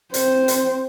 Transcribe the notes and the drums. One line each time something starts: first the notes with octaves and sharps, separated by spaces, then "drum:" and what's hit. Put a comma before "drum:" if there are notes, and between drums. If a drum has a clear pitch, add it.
C4 C5, drum: hi-hat
drum: hi-hat